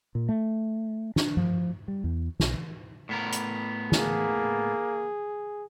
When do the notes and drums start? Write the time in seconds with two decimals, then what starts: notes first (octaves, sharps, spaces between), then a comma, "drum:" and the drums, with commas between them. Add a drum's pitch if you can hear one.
0.15 A#2
0.29 A3
1.16 D4, drum: snare
1.37 F3, drum: tom G2
1.88 G3
2.04 E2
2.40 B1, drum: snare
3.09 A2 B3 A#4
3.32 drum: hi-hat
3.92 A#3 G#4, drum: snare